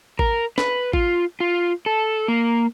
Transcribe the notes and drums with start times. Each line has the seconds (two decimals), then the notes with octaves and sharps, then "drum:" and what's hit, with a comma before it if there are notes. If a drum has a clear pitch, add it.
0.19 A#4, drum: kick G#1
0.58 B4, drum: snare
0.93 F4, drum: kick G#1
1.40 F4
1.86 A4
2.28 A#3